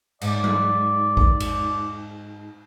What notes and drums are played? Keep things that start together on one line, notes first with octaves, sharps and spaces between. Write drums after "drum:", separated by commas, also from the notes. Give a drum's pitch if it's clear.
G#2 D5, drum: cymbal
drum: tom F#3
drum: kick A1
drum: cymbal